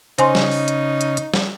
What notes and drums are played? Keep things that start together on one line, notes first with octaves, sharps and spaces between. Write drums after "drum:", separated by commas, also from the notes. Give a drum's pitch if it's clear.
C#3 D#4 C5 G#5 C6, drum: hi-hat
drum: snare
drum: open hi-hat
drum: hi-hat
drum: hi-hat
drum: hi-hat
drum: snare